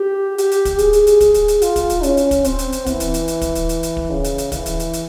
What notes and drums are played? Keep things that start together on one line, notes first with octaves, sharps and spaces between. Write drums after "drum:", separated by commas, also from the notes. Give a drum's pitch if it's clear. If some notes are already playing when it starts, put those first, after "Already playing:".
Already playing: G4
G4, drum: hi-hat
drum: hi-hat
drum: kick, hi-hat
G#4, drum: hi-hat
drum: hi-hat
drum: hi-hat
drum: kick, hi-hat
drum: hi-hat
drum: hi-hat
F4, drum: hi-hat
drum: kick, hi-hat
drum: hi-hat
C#4, drum: hi-hat
drum: hi-hat
drum: kick, hi-hat
C4, drum: hi-hat
drum: hi-hat
drum: hi-hat
E3, drum: kick, hi-hat
drum: hi-hat
drum: hi-hat
drum: hi-hat
drum: kick, hi-hat
drum: hi-hat
drum: hi-hat
drum: hi-hat
drum: kick
C#3
drum: hi-hat
drum: hi-hat
E3, drum: kick, hi-hat
drum: hi-hat
drum: hi-hat
drum: hi-hat